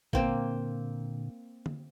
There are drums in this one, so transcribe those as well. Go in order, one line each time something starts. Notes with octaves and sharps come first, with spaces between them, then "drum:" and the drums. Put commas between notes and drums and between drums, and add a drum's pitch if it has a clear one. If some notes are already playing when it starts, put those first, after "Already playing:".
A#2 D3 A#3 C4, drum: kick G#1
drum: tom D3